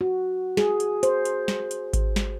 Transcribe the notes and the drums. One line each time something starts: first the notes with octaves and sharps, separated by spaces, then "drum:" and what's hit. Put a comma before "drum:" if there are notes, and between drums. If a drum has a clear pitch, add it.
F#4
G#4, drum: snare
drum: hi-hat
C5, drum: hi-hat
drum: hi-hat
drum: snare
drum: hi-hat
drum: kick G#1, hi-hat
drum: snare